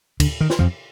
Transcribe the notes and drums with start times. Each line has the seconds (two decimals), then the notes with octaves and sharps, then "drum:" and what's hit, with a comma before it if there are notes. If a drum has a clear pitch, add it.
0.20 D3, drum: kick, cymbal
0.41 D#3
0.50 drum: snare
0.59 F2 F3